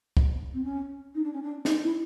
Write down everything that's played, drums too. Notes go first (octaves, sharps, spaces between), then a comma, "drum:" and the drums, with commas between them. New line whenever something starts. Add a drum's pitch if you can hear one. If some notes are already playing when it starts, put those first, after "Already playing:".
drum: kick
C4
C#4
D#4
D4
C#4
D4
D#4, drum: snare
E4